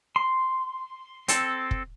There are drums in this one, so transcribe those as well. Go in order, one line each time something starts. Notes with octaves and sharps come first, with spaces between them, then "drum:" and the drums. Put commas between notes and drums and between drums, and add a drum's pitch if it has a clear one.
C6
C4 A4, drum: hi-hat
drum: kick